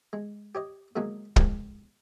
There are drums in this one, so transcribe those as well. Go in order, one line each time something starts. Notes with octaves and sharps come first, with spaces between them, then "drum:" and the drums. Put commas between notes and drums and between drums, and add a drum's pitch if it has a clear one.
G#3
G4 C#5 D#5
C#3 F#3 G#3 A#3 D#4
G#2 D#3 F3 G#3, drum: kick